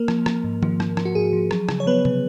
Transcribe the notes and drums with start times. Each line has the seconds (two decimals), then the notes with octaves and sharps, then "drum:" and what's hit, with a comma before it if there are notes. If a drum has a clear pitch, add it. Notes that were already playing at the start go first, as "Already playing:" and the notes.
Already playing: A#3 A#4
0.08 F3, drum: rim click
0.26 F3, drum: rim click
0.44 G#2
0.63 F3, drum: tom D#3
0.80 F3, drum: rim click
0.97 F3, drum: rim click
1.05 F#4
1.15 G#2 G#4
1.33 F3
1.51 F#3, drum: rim click
1.69 C#3, drum: rim click
1.80 C#5
1.86 F#3 B3 B4
2.05 C#3, drum: tom C3